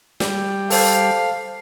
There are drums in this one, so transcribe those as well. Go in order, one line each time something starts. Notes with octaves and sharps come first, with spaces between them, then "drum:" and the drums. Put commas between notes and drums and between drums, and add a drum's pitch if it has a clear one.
G3, drum: snare
A4 C5 F5 A5, drum: open hi-hat